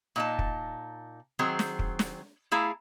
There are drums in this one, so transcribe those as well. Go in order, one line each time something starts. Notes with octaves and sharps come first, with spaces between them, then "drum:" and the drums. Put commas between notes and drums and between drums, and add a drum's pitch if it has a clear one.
A#2 D#4 A5
drum: kick
D#3 F#3 C4 G#4
drum: snare
drum: kick
drum: snare
A3 E4 G#4 F5 A#5